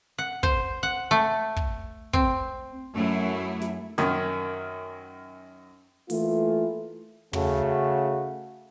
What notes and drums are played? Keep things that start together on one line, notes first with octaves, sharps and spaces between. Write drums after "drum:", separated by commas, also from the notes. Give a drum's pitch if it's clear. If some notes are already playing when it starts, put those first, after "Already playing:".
F#5
C5, drum: kick
F#5
A3
drum: kick
C4, drum: kick
F#2 F#3 A3 E4
drum: snare
F#2 D#3, drum: snare
E3 A3 A#3 E4 F4, drum: open hi-hat
C#3 A3 F#4 A4, drum: tom